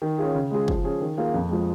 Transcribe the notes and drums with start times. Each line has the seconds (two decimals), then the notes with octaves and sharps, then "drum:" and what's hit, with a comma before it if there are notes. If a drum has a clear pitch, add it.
0.02 D#3
0.18 C#4 F4 G#4
0.35 C#3
0.51 G#3 F4 G#4
0.68 F3, drum: kick
0.84 C#4 G#4
1.01 D#3
1.18 A#3 F4 G#4
1.34 F2
1.50 F3 G#3